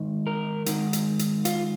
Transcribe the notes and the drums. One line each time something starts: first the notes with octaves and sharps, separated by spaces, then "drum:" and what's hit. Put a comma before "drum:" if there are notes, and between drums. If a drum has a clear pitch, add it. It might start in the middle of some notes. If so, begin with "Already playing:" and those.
Already playing: G#2 D#3
A#4
G#2 D#3, drum: hi-hat
drum: hi-hat
drum: hi-hat
F4, drum: hi-hat